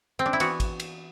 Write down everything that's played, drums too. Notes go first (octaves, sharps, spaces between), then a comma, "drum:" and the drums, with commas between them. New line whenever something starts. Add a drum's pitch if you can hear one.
C4
D4
E4
E3 B3 F#4, drum: cymbal
drum: kick, cymbal
drum: cymbal